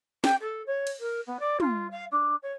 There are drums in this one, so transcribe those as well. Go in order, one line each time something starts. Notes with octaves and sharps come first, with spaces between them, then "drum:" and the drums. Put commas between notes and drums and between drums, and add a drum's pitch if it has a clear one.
G5, drum: snare
A4
C#5
drum: cymbal
A#4
B3
D5
F4, drum: tom
F5
D4
C#5